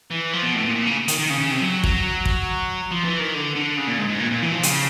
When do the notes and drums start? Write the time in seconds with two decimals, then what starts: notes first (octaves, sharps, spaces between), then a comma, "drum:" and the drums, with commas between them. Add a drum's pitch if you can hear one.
0.11 E3
0.33 F3
0.43 B2
0.55 A2
0.65 A#2
0.76 A#2
0.87 C#3
1.08 D#3, drum: hi-hat
1.19 D#3
1.30 C#3
1.40 C#3
1.51 C3
1.61 F#3
1.84 F#3, drum: kick
2.25 drum: kick
2.91 F3
3.05 E3
3.19 D#3
3.34 D3
3.56 D3
3.78 C#3
3.88 A#2
3.99 G#2
4.09 G#2
4.20 A#2
4.31 A#2
4.42 E3
4.52 F3
4.63 C#3, drum: hi-hat